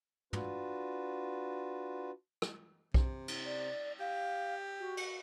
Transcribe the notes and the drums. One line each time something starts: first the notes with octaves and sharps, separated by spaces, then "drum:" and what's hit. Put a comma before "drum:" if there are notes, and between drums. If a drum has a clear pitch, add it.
D4 F4 F#4 B4, drum: tom
drum: rim click
C3, drum: kick B1
drum: cymbal
D5
G4 F5
F#4
drum: cymbal